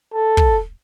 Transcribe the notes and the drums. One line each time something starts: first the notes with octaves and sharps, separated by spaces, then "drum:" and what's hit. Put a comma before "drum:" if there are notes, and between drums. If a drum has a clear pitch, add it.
A4
drum: kick